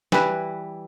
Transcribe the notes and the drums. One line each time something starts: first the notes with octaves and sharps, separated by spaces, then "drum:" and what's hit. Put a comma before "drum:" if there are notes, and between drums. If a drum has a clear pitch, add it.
E3 G3 E4 B4, drum: snare